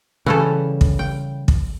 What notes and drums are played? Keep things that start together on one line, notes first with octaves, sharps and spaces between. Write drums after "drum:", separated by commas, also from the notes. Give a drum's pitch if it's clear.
C#3 E3 G3 C#4 A4
drum: kick
G5
drum: kick